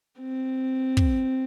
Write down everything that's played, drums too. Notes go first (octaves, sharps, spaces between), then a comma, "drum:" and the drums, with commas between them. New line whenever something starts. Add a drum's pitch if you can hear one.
C4
drum: kick